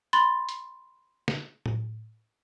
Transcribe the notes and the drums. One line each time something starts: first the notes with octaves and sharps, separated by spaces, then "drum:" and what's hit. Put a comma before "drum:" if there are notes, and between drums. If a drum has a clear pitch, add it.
B5 C6 A6, drum: hi-hat
drum: hi-hat
drum: snare
drum: tom A2